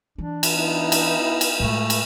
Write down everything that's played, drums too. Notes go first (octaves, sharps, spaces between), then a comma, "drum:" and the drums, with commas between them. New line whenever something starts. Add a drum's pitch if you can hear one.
E3 D4
drum: cymbal
B3 D#4 E4
drum: cymbal
drum: cymbal
A2 G#3 A3
drum: cymbal